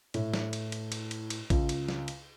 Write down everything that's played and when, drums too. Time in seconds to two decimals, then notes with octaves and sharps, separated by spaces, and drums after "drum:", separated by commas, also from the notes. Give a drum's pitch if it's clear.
0.14 A2, drum: cymbal
0.34 drum: snare
0.53 drum: cymbal
0.72 drum: cymbal
0.92 drum: cymbal
1.11 drum: cymbal
1.30 drum: cymbal
1.50 C#2, drum: kick, cymbal
1.69 drum: cymbal
1.89 drum: snare
2.08 drum: cymbal